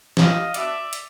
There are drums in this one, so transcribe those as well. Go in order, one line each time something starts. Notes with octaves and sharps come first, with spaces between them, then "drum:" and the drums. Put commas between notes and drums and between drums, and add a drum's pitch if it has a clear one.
G#3 B3 E4 G4 D#5 F5, drum: snare
B3 D4 F#4 D5 E5, drum: hi-hat
drum: hi-hat